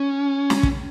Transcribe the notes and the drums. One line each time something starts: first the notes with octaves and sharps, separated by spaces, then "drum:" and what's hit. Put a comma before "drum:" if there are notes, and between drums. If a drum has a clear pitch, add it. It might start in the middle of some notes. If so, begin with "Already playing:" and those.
Already playing: C#4
drum: snare
drum: kick